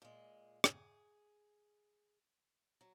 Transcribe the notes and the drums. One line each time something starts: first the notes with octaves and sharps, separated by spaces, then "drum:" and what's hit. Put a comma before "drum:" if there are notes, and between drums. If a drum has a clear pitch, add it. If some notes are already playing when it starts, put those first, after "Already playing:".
A#2 G#3
G#4, drum: rim click
F#3